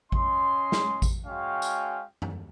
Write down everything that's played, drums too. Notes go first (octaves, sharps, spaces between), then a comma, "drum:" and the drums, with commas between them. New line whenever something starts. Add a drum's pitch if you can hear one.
C#4 D#5 C6, drum: kick A1
drum: snare
drum: kick A1, tambourine
G#3 C#4 F#4 F5 G5
drum: tambourine
drum: tom F#2